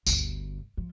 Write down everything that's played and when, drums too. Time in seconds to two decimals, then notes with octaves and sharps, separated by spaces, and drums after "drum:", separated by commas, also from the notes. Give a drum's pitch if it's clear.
0.07 G1 D2, drum: tambourine
0.77 F3